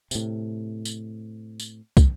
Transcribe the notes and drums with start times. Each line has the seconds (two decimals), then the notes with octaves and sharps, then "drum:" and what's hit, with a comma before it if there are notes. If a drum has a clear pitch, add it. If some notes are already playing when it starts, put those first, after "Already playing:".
0.11 A2 C3, drum: tambourine
0.85 drum: tambourine
1.60 drum: tambourine
1.97 drum: kick, tambourine